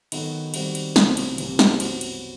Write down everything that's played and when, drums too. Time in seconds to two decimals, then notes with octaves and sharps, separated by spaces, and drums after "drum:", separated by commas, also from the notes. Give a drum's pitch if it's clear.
0.12 D#3 F#3 B3 F#4 A4, drum: cymbal
0.54 D#3 G3 C4 F#4, drum: cymbal
0.75 drum: cymbal
0.96 C2 B2 F#3 C4 E4, drum: snare
1.17 drum: cymbal
1.38 C2 C3 E3, drum: cymbal
1.59 drum: snare
1.80 F#2 F#3 B3 F#4 C5, drum: cymbal
2.01 drum: cymbal